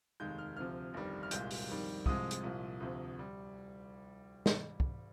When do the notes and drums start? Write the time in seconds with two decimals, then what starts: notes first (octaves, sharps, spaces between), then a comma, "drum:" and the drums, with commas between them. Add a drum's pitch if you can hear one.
0.20 F1 D#2 D#3 G#3 G6
0.38 F6
0.57 D2 C3 F3 F6
0.94 G1 F2 D#3 G3
1.23 F6
1.31 C2 A#2 G#3 G6, drum: hi-hat
1.51 drum: open hi-hat
1.69 F2 D#3 G3
2.06 C2 C3 F3 G#3 D#6, drum: kick
2.31 drum: hi-hat
2.43 C2 A#2 F3
2.80 D2 C3 F3
3.19 G3
4.46 drum: snare
4.80 drum: kick